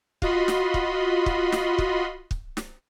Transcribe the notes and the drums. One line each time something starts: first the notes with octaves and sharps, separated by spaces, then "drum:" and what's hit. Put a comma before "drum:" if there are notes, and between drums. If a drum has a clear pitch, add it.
F4 F#4 D#5 B5 C6, drum: kick
drum: snare
drum: kick
drum: kick
drum: snare
drum: kick
drum: kick
drum: snare